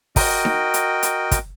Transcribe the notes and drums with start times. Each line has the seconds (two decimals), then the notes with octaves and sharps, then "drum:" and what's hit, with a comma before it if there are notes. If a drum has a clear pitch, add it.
0.16 F#4 A#4 D#5 G5, drum: kick, open hi-hat
0.45 drum: snare D#4
0.74 drum: hi-hat
1.03 drum: hi-hat
1.31 drum: kick, hi-hat